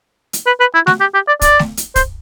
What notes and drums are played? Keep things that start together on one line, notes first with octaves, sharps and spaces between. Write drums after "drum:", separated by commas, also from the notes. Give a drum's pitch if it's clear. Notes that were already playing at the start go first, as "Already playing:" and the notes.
drum: hi-hat
B4
B4
E4
F#4, drum: snare A3
G4
G4
D5
D5, drum: kick, hi-hat
drum: snare A3
drum: hi-hat
C5, drum: kick, hi-hat